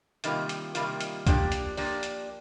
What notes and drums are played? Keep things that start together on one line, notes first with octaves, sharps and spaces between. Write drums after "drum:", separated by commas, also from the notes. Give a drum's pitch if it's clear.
C3 D#3 G3 A#3 F4, drum: hi-hat
drum: hi-hat
C3 D#3 G3 A#3 F4, drum: hi-hat
drum: hi-hat
F3 A#3 D4 G4 D5, drum: kick C2, hi-hat
drum: hi-hat
F3 A#3 D4 G4 D5, drum: open hi-hat
drum: hi-hat